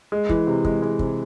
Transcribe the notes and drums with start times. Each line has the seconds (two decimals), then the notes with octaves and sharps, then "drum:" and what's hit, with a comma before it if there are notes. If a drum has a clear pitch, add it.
0.12 G#3
0.29 E3, drum: kick
0.47 C3
0.65 G#3, drum: kick
0.82 G#3
0.99 C3, drum: kick